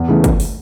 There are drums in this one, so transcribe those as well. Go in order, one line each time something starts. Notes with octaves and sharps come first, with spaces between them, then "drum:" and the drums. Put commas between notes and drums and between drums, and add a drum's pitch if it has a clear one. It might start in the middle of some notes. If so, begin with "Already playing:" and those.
Already playing: E2
C#3 E3 A3
drum: kick, hi-hat
drum: open hi-hat